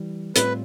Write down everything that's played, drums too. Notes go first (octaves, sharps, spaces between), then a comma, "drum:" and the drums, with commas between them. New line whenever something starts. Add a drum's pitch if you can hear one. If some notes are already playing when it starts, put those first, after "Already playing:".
Already playing: E3 G3
A2 G3 C4 F4 B4, drum: hi-hat